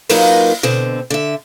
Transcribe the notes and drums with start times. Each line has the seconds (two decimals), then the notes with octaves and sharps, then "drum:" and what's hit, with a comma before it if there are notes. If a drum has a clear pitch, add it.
0.09 F#3 A#3 D#4 F4 A#4 B4, drum: open hi-hat
0.63 B2 D3 C4
1.10 D3 E5